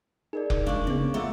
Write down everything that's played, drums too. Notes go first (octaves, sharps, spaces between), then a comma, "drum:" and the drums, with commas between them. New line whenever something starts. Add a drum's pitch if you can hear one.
D#4 G#4 A#4 D5
drum: kick F1
G#3 D4 F5 C#6 D6
C#3 B3 C#4
A3 F4 E5 F#5 A#5 D6